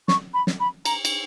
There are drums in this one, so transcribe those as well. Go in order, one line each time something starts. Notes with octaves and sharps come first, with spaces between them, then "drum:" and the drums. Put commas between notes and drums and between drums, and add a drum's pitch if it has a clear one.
C#6, drum: snare
B5
drum: snare
B5
A#5, drum: cymbal
drum: cymbal